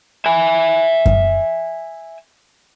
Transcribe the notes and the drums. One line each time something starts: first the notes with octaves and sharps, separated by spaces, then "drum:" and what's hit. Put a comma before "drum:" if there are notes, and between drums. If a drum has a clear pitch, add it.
E5 G#5
drum: kick F#2